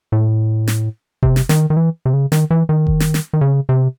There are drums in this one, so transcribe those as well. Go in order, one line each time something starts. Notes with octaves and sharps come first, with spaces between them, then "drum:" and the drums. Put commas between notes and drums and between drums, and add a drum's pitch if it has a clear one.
A2
drum: snare
C3, drum: kick F#1
drum: snare
D#3, drum: snare
D#3
E3
C3
C#3
D#3, drum: snare
E3
D#3
drum: kick F#1
drum: snare
drum: snare
D#3
C#3
C3